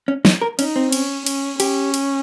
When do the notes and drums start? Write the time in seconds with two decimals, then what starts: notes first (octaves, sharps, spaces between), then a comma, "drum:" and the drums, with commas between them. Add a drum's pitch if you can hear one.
0.08 C#4
0.25 D#4, drum: snare
0.42 A#4
0.59 C#4 D#4, drum: cymbal
0.76 C4
0.92 C#4, drum: cymbal
1.26 C#4, drum: cymbal
1.60 C#4 G4, drum: cymbal
1.94 drum: cymbal